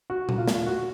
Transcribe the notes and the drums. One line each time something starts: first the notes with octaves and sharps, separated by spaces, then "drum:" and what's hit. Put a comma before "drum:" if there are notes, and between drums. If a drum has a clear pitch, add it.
F#4
drum: tom A#2
F4
drum: snare
F#4